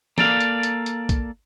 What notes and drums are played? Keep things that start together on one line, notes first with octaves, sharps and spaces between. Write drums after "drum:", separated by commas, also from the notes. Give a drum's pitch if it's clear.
A#3 A4 D5 F5, drum: snare
drum: hi-hat
drum: hi-hat
drum: hi-hat
drum: kick, hi-hat